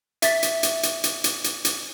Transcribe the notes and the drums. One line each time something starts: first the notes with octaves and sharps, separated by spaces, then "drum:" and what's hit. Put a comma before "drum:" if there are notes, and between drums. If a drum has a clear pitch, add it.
E5 A6 B6, drum: hi-hat
drum: hi-hat
drum: hi-hat
drum: hi-hat
drum: hi-hat
drum: hi-hat
drum: hi-hat
drum: hi-hat